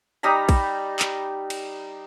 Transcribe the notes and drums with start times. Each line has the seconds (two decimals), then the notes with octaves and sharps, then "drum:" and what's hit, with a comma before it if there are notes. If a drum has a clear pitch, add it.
0.23 G3 D#4 A#5 B5
0.49 drum: kick, cymbal
0.99 drum: clap
1.50 drum: cymbal